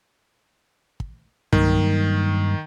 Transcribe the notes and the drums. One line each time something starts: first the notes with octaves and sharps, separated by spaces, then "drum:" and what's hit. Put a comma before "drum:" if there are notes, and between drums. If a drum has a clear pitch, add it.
drum: kick
G2 D#3 F#3 A#3, drum: tom C2